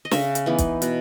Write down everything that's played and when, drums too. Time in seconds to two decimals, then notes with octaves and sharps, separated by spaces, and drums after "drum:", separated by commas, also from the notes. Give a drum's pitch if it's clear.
0.05 D#5
0.11 C#3 E5, drum: snare
0.35 drum: hi-hat
0.46 E3 B3 D#4
0.58 drum: kick, hi-hat
0.82 B2, drum: hi-hat